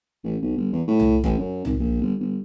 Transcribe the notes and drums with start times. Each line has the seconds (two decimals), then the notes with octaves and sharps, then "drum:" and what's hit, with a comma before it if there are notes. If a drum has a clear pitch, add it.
0.24 A1
0.42 B1
0.56 G1
0.72 E2
0.88 A2
1.00 drum: tom C2
1.24 A1, drum: kick
1.39 F#2
1.65 G#1, drum: tom C2
1.80 A#1
2.01 G1
2.20 G1